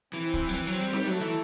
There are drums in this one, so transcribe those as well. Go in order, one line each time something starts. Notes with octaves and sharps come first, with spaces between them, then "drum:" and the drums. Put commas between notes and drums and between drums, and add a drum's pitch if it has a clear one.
E3 C4
drum: kick
F#3
E3 C4
F#3
G3
G3 A3, drum: snare D#4
F#3
E3